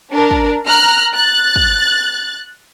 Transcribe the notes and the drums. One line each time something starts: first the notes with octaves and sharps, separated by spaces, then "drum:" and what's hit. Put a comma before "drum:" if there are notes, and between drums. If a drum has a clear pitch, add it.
D4 A#4
drum: kick
A#5 F6 F#6
F#6 A6
drum: kick